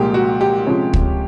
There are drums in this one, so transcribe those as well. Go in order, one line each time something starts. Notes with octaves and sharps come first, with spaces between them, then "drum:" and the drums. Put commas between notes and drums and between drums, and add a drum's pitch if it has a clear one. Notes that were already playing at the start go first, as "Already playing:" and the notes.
Already playing: C2 A#2 F3 G#3 G4
F#4
G4
C3 F3 G#3 C#4
drum: kick